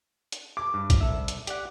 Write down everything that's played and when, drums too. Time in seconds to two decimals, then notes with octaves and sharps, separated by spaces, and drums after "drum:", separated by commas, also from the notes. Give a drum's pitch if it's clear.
0.32 drum: hi-hat
0.57 D6
0.74 G2
0.90 drum: kick A#1, hi-hat
1.01 C2 A4 E5
1.28 drum: hi-hat
1.47 G4 D5 F#5, drum: hi-hat